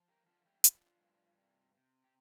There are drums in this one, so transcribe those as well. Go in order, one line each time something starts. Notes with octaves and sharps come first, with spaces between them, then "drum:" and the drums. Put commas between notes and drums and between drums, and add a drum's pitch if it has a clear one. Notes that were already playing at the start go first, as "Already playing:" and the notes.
Already playing: F3
G4 A#4
D3 F4 A4
A4
E4 G4
F3 D4 F4, drum: hi-hat
G2
C3
C3
G4